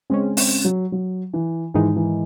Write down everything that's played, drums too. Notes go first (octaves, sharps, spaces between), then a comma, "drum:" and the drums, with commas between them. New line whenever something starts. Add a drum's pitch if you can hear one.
C#3 G#3 C4 C#4
C4, drum: open hi-hat
F#3
F#3
E3
G#2 D#3 E3 G#3 D#4
E3